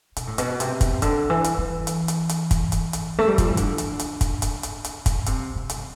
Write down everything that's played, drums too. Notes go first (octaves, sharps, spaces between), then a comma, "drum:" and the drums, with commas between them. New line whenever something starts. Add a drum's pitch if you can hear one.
B2, drum: hi-hat
A2
B2, drum: hi-hat
C3, drum: hi-hat
drum: kick, hi-hat
D3, drum: hi-hat
E3
drum: hi-hat
E3
drum: hi-hat
drum: hi-hat
drum: hi-hat
drum: kick, hi-hat
drum: hi-hat
drum: hi-hat
A3
G3
F3, drum: kick, hi-hat
E3
D3, drum: hi-hat
drum: hi-hat
drum: hi-hat
drum: kick, hi-hat
drum: hi-hat
drum: hi-hat
drum: hi-hat
drum: kick, hi-hat
C3, drum: hi-hat
C3
drum: hi-hat